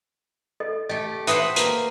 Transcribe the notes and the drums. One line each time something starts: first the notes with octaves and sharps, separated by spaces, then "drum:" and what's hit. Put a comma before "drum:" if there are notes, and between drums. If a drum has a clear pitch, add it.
A4 D#5
A3 G4 D#5
B4 C5 E5 F#5 D#6, drum: hi-hat
A#3, drum: hi-hat